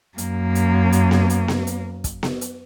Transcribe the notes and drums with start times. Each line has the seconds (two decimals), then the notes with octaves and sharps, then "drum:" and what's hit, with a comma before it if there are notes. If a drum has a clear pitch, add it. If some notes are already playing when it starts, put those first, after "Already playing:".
0.18 F#2 A#3, drum: hi-hat
0.55 drum: hi-hat
0.92 drum: hi-hat
1.11 drum: snare B3
1.30 drum: hi-hat
1.48 drum: snare B3
1.67 drum: hi-hat
2.04 drum: kick, hi-hat
2.23 drum: snare B3
2.41 drum: hi-hat